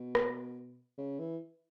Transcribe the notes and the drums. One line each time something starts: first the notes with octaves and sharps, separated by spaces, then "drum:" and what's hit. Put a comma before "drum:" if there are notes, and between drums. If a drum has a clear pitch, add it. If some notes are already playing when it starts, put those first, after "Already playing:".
Already playing: B2
drum: rim click
C#3
E3